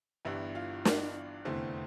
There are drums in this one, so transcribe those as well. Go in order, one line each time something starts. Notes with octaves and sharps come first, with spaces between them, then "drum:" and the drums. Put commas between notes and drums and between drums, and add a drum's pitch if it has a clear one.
G1 G2 E3 B3 D4 E4 E5
F4 F5
D4 D5, drum: snare
F1 E2 D3 A3 C4 C5